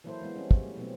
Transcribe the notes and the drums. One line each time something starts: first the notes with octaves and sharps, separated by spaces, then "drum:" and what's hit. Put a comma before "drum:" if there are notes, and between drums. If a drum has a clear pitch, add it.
E3 F#3 A#3 E4 A4 C5
E3 G#3 B3
G3 C4 C#4
F#3 G3, drum: kick
A3
B2 F#3 A3 B3 C4